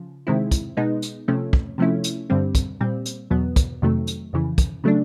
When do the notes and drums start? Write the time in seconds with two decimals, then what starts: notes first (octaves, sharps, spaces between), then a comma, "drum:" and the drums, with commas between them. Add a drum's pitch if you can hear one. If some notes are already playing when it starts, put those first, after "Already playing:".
Already playing: C#3 F3
0.27 C3 D#3 G#3 C4 E4
0.51 drum: kick, hi-hat
0.77 B2 G#3 B3 D#4
1.02 drum: hi-hat
1.28 C3 F3 A3 C#4
1.53 drum: kick
1.78 C3 F3 A3 C#4 E4
2.04 drum: hi-hat
2.30 G2 D3 G3 C4
2.55 drum: kick, hi-hat
2.81 A#2 G3 C4
3.05 drum: hi-hat
3.31 E2 B2 F#3 B3
3.56 drum: kick, hi-hat
3.82 F2 C3 D#3 F#3 A3
4.07 drum: hi-hat
4.33 F2 C#3 E3
4.58 drum: kick, hi-hat
4.84 C#3 F#3 A3 D4